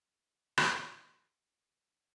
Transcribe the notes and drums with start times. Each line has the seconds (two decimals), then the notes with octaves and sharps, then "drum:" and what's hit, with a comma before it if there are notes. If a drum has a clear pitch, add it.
0.19 F2 E4 D#5
0.57 drum: rim click